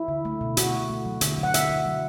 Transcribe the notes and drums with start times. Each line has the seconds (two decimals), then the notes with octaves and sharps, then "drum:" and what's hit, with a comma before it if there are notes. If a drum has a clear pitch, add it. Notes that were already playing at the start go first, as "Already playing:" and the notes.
Already playing: E4
0.08 D3
0.25 A3
0.41 B2
0.57 B2 F#4, drum: hi-hat
0.74 A3
0.90 A3
1.05 F#3
1.21 D3, drum: hi-hat
1.37 F#3
1.43 F#5
1.54 D3 E5, drum: hi-hat
1.69 F#3
1.86 F#3